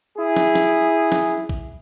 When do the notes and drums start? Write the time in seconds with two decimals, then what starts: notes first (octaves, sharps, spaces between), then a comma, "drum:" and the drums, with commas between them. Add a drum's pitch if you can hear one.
0.18 E4 G#4
0.36 drum: snare
0.55 drum: snare
1.12 drum: snare
1.49 drum: kick A#1